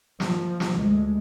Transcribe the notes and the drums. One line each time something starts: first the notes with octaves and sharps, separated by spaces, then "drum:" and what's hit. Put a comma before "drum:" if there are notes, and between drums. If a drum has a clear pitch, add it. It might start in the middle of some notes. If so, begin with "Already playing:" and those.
F3, drum: snare
drum: snare
D2 G#3